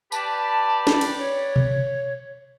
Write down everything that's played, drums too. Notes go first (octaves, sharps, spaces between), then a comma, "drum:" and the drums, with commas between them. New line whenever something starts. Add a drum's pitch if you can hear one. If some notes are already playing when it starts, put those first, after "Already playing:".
G4 B4 D5 A5, drum: tambourine
drum: snare
drum: cymbal
C#5
drum: tom B2